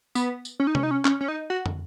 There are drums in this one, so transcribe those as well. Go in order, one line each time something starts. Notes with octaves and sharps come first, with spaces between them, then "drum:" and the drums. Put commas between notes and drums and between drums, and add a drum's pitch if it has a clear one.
B3, drum: tambourine
drum: tambourine
C#4
D#4
C#4, drum: tom C3
D#4
C#4
C#4, drum: clap
C#4
D#4
F#4
drum: tom